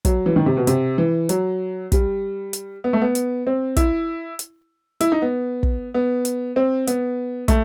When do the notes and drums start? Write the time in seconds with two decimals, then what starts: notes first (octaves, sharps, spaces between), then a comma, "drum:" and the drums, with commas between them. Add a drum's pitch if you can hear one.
0.05 F#3, drum: kick, hi-hat
0.26 E3
0.36 D#3
0.46 C3
0.57 B2
0.67 C3, drum: hi-hat
0.98 E3
1.29 F#3, drum: hi-hat
1.92 G3, drum: kick, hi-hat
2.53 drum: hi-hat
2.84 B3
2.93 A3
3.01 B3
3.15 drum: hi-hat
3.47 C4
3.76 E4, drum: kick, hi-hat
4.39 drum: hi-hat
5.01 E4, drum: hi-hat
5.12 D#4
5.22 B3
5.63 drum: kick
5.94 B3
6.25 drum: hi-hat
6.56 C4
6.87 B3, drum: hi-hat
7.48 A3, drum: kick, hi-hat